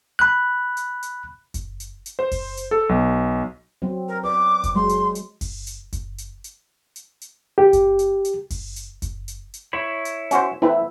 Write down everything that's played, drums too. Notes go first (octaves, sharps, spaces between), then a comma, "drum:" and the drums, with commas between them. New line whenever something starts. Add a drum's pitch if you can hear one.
B5 F#6
drum: hi-hat
drum: hi-hat
drum: kick F#1, hi-hat
drum: hi-hat
drum: hi-hat
C5
drum: kick F#1, open hi-hat
drum: hi-hat
A4
B1
F#3 C4
A#4
B4 D5 D6
drum: kick F#1, hi-hat
F#3 G#3 C6
drum: hi-hat
drum: hi-hat
drum: kick F#1, open hi-hat
drum: hi-hat
drum: kick F#1, hi-hat
drum: hi-hat
drum: hi-hat
drum: hi-hat
drum: hi-hat
G4
drum: kick F#1, hi-hat
drum: hi-hat
drum: hi-hat
drum: kick F#1, open hi-hat
drum: hi-hat
drum: kick F#1, hi-hat
drum: hi-hat
drum: hi-hat
E4 C#5 B5
drum: hi-hat
C#4 F#4 C5, drum: hi-hat
C4 E4 B4 E5